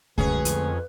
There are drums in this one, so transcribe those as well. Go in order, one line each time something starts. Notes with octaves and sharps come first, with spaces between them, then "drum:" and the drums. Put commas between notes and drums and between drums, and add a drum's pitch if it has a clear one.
F#2 D3 G#3 A3 C#4 G#4 B4, drum: kick C2
F2, drum: hi-hat